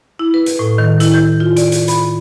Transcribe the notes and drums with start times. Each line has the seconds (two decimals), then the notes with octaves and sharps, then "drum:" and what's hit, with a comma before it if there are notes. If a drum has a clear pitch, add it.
0.19 E4
0.34 B4
0.46 drum: hi-hat
0.59 A2
0.78 D#3
1.00 E4, drum: hi-hat
1.14 G6
1.40 F4
1.56 D5, drum: hi-hat
1.72 drum: hi-hat
1.88 B5, drum: hi-hat